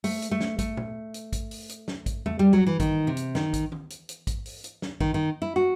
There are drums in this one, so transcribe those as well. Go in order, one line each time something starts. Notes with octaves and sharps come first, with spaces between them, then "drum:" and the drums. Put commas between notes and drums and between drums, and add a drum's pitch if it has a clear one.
A3, drum: open hi-hat
drum: hi-hat
A3
drum: snare
A3, drum: kick, hi-hat
drum: tom A#2
drum: hi-hat
drum: kick, hi-hat
drum: open hi-hat
drum: hi-hat
drum: snare
drum: kick, hi-hat
A3, drum: tom E2
G3
F#3
E3
D#3, drum: kick, hi-hat
C3
drum: hi-hat
D#3, drum: snare
drum: kick, hi-hat
drum: tom D#3
drum: hi-hat
drum: hi-hat
drum: kick, hi-hat
drum: open hi-hat
drum: hi-hat
drum: snare
D#3, drum: kick
D#3
E4
F#4